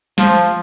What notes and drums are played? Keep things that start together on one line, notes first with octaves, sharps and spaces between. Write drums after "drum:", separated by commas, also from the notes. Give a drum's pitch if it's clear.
F3, drum: snare